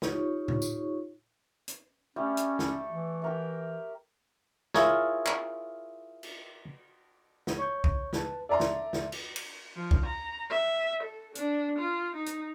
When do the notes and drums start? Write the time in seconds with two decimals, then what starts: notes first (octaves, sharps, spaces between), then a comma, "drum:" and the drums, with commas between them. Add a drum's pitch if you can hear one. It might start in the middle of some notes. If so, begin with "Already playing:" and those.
0.02 D#4 F4 G4 C#5 C#6, drum: snare
0.48 drum: tom A2
0.62 drum: tambourine
1.68 drum: hi-hat
2.16 G3 A3 C#4 G4
2.37 drum: hi-hat
2.59 A4, drum: snare
2.90 E3
3.22 G4 A#4 E5
4.74 E4 F4 G#4 A#4 C#5, drum: snare
5.26 drum: clap
6.23 drum: cymbal
7.47 drum: snare
7.58 C#5 C#6 G6
7.84 drum: kick B1
8.13 B4 A5, drum: snare
8.49 A4 D5 E5 A#5 C6
8.60 drum: snare
8.93 drum: snare
9.12 drum: cymbal
9.36 drum: cymbal
9.76 F3
9.91 drum: kick B1
10.05 A#5
10.51 E5
11.03 A4
11.35 D4, drum: hi-hat
11.79 F4
12.16 D#4
12.26 drum: hi-hat